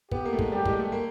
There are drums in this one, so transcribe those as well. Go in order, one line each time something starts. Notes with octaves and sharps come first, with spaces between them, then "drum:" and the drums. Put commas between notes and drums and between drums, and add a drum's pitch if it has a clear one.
B3 G4, drum: kick
A#3
A3
G#3, drum: kick
G3 G4
G#3, drum: kick
A3
A#3